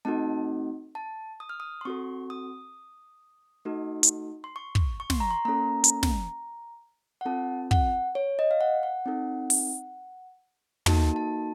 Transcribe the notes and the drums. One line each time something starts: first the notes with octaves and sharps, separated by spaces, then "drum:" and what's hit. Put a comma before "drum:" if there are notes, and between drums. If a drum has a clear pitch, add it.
A3 C4 D#4 F#4 A4 A5
A5
D#6
F6
D#6
C6
C4 F#4 A4 C#6
D#6
A3 D#4 F#4 A4
drum: hi-hat
C6
C#6
drum: kick
C#6
C6, drum: snare
A#5
C6
A#3 C#4 A4 A#5
drum: hi-hat
drum: snare
F#5
C4 F4 A4 A5
F#5, drum: kick
C#5
D#5
F5
F#5
F#5
C4 D#4 A4
drum: open hi-hat
A#3 D#4 F#4 A4 A5, drum: tom
A5